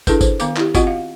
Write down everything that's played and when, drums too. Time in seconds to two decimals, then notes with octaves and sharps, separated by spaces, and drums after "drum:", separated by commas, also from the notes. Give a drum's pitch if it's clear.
0.07 D4 E4 G#4 A4 B4, drum: kick, tambourine
0.21 C5, drum: kick, tambourine
0.40 D#3 B3 F5 D6, drum: tambourine
0.57 E4 G4, drum: clap
0.75 C4 F4 F#4 D#5 F#5 G5, drum: kick, tambourine
0.87 F5